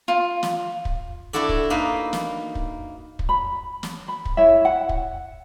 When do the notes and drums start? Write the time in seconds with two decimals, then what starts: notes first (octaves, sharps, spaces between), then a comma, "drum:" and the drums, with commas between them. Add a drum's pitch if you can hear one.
0.08 F4
0.43 drum: snare
0.85 drum: kick
1.33 D4 E4 F#4 A4 D5
1.49 drum: kick
1.70 A#3 D#4 B4
2.13 drum: snare
2.55 drum: kick
3.19 drum: kick
3.29 B5
3.83 drum: snare
4.08 B5
4.25 drum: kick
4.37 E4 C#5 E5
4.65 F#5
4.89 drum: kick